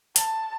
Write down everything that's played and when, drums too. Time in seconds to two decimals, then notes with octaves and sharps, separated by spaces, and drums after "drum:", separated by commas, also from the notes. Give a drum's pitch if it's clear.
0.16 A5, drum: hi-hat